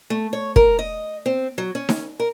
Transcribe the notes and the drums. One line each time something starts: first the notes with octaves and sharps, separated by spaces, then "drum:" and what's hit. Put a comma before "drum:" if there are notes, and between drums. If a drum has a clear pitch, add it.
A3
C#5
A#4, drum: kick
D#5
C4
F#3
C#4
drum: snare D#4
A#4